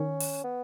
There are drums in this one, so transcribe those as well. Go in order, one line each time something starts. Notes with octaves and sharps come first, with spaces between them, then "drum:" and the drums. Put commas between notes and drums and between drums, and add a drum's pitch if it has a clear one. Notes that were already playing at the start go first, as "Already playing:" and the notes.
Already playing: D#3 C#4
drum: open hi-hat
B3